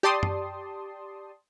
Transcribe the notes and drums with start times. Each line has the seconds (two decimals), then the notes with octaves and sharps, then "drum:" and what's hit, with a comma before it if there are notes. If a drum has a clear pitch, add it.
0.03 G4 D5 A5 C6 D#6
0.23 drum: tom